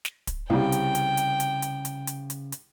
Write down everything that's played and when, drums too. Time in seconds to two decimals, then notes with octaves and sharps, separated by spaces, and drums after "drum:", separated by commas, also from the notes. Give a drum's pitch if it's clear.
0.05 drum: snare
0.27 drum: kick, hi-hat
0.50 C2 C#3 G3 G5
0.72 drum: hi-hat
0.95 drum: hi-hat
1.17 drum: hi-hat
1.40 drum: hi-hat
1.62 drum: hi-hat
1.85 drum: hi-hat
2.07 drum: hi-hat
2.30 drum: hi-hat
2.52 drum: hi-hat